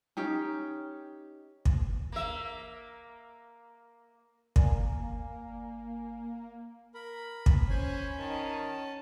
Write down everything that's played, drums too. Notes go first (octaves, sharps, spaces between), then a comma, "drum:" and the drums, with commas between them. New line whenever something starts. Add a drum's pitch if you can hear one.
C#4 D#4 G4
drum: kick
A#3 E5
G1 A#3 A#4 D5 G#5, drum: kick
A#4 B5
drum: kick
C#4 C5 G#5 B5
D#3 A5